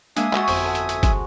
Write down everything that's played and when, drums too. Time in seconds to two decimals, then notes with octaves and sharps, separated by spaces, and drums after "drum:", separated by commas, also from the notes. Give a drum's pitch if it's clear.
0.17 G#3 A#3 D4 E5 G#5 D#6, drum: hi-hat
0.33 G#3 F#4 C#6 A6, drum: clap
0.48 G1 F2 C5 A#5, drum: open hi-hat
0.65 A4 F#5
0.75 drum: hi-hat
0.89 drum: hi-hat
1.03 G#3, drum: kick, hi-hat